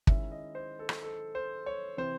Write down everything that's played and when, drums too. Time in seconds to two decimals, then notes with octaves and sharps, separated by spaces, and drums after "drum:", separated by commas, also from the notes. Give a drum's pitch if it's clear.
0.07 D#3 G#3 C#4 E4 E5, drum: kick
0.32 D#5
0.55 C5
0.79 A4
0.89 drum: rim click
1.03 A4
1.35 C5
1.66 C#5
1.97 C3 E3 C4 C5